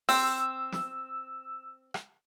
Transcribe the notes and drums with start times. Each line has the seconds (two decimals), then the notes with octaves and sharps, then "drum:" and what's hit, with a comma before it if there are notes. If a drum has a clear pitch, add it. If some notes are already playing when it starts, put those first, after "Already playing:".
0.09 C4 E6, drum: open hi-hat
0.72 drum: snare
1.94 drum: rim click